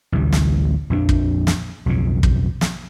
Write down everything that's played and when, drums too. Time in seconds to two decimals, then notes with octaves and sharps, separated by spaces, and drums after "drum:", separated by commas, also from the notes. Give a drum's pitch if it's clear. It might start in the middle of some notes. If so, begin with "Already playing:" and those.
0.12 A1 D2 C3 G3
0.33 drum: snare
0.90 A#1 F2 C4 D4
1.09 drum: kick
1.47 drum: snare
1.86 B1 F2 C#3
2.23 drum: kick
2.61 drum: snare